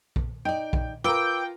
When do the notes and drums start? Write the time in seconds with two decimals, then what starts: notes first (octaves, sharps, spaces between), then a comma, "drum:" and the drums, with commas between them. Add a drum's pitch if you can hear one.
0.16 drum: kick B1
0.45 D#4 D5 G5
0.73 drum: kick B1
1.04 F4 A#4 B4 G5 D6 E6 D7